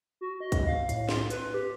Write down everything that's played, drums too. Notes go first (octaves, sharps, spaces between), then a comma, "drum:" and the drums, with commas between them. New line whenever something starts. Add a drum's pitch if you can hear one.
F#4
D#5
drum: kick, hi-hat
F5
A2, drum: hi-hat
C6, drum: snare
B4, drum: hi-hat
G4